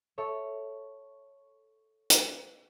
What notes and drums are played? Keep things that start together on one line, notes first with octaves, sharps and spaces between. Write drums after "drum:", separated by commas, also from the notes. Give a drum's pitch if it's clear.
A4 C#5 E5
drum: hi-hat